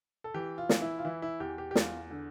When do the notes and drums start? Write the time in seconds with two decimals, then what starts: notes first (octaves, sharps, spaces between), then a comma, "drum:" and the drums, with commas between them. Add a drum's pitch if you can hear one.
0.24 A4
0.34 E3 G4
0.58 F4
0.69 E3, drum: snare
0.81 E4
0.99 F4
1.05 E3 E4
1.22 E4
1.40 E2 G4
1.58 G4
1.71 G4
1.75 E2 F4, drum: snare
2.11 D3